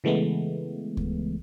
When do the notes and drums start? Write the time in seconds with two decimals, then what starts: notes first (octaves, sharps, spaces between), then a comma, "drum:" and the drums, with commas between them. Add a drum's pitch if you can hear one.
0.04 C#3 E3 G#3 A3 B3
0.97 drum: kick C#2